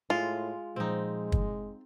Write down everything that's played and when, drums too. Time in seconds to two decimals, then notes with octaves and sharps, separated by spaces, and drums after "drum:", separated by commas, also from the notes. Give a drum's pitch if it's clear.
0.10 A2 G#3 F4
0.76 A#2 F3 G#3 C4 D#4
1.32 drum: kick